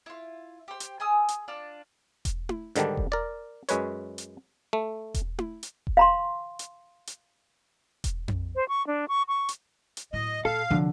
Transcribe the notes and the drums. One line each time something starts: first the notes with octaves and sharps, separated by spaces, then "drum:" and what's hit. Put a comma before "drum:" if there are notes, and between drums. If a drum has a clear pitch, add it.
E4 F4
G4 C5
drum: hi-hat
G#4 G#5 D#6 E6
drum: hi-hat
D4 F4 A5
drum: kick E1, hi-hat
drum: tom E4
G#2 D3 D#3 G3 D4, drum: hi-hat
drum: kick E1
A#4 D5
F#2 G#3 B4 C#5, drum: hi-hat
drum: hi-hat
A3
drum: kick E1, hi-hat
drum: tom E4
drum: hi-hat
drum: kick E1
F5 A#5 C6
drum: hi-hat
drum: hi-hat
drum: kick E1, hi-hat
drum: tom F2
C5
C#6
D4
C#6
C#6
drum: hi-hat
drum: hi-hat
A2 F#3 D#5
A#2 A4 F5
C2 D3 F3 F#3